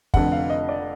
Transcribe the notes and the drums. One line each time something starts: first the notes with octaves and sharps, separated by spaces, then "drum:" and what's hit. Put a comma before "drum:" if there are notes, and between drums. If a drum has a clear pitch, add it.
F1 F2 D3 F#5, drum: kick
F5
D#5
D5